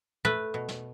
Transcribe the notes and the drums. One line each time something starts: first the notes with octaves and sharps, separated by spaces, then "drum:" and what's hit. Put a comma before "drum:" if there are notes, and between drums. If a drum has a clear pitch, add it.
A3 B4, drum: tom
B2
drum: snare